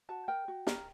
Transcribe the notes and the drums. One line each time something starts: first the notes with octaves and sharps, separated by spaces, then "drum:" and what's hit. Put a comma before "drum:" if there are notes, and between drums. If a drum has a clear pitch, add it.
F#4 A5
A#4 G5
F#4
A#4, drum: snare